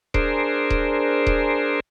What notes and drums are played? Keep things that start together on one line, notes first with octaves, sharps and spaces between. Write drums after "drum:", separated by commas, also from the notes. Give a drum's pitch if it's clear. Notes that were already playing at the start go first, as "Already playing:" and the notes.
D4 G#4 A#4 C5, drum: kick D#1
drum: kick D#1
drum: kick D#1